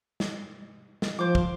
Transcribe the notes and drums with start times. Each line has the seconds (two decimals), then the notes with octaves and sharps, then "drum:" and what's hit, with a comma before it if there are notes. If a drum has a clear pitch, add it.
0.20 drum: snare
1.02 drum: snare
1.19 F3 C5 D6
1.35 drum: kick